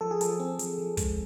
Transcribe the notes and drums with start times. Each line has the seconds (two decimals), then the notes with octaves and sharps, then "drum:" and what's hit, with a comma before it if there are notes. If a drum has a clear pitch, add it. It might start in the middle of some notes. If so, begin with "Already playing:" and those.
0.01 F3 A4
0.11 G#4
0.21 F3 A4, drum: hi-hat
0.40 C4
0.59 F3, drum: hi-hat
0.78 F3
0.97 G#3, drum: kick, hi-hat